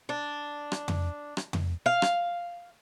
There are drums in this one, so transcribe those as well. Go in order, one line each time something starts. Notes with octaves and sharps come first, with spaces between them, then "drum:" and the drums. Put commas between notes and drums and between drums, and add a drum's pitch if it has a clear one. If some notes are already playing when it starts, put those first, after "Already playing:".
D4
drum: rim click
drum: tom F2
drum: rim click
drum: tom F2
F5
drum: rim click